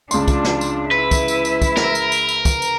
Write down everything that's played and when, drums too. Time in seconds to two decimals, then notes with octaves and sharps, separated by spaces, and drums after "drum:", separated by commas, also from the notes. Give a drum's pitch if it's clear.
0.11 C#2 D4 F4 C6, drum: tambourine
0.28 drum: kick, tambourine
0.44 drum: snare
0.61 drum: tambourine
0.91 E4 B4 E5
1.11 drum: kick, tambourine
1.28 drum: tambourine
1.45 drum: tambourine
1.62 drum: kick, tambourine
1.77 A#4, drum: snare
1.95 drum: tambourine
2.12 drum: tambourine
2.29 drum: tambourine
2.45 drum: kick, tambourine
2.62 drum: tambourine